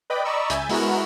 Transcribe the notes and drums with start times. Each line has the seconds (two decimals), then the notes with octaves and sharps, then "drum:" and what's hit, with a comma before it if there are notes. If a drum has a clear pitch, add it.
0.10 B4 D5 D#5 G5 B5
0.25 D5 D#5 A#5 B5 C#6 E6
0.50 C#2 E5 G#5 G6 A6, drum: hi-hat
0.69 G#3 B3 E4 F#4 A#4, drum: open hi-hat